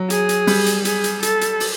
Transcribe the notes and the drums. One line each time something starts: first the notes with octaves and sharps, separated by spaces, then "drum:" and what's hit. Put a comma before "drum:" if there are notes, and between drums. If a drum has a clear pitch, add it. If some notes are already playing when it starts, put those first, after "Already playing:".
Already playing: F#3
G#4, drum: hi-hat
drum: hi-hat
G3, drum: open hi-hat
drum: hi-hat
G#4, drum: hi-hat
drum: hi-hat
A4, drum: hi-hat
drum: hi-hat
drum: open hi-hat